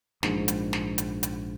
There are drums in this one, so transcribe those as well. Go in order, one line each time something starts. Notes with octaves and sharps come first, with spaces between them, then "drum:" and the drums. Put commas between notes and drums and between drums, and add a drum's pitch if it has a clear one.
A#1 G#2, drum: snare
drum: hi-hat
drum: snare
drum: hi-hat
drum: hi-hat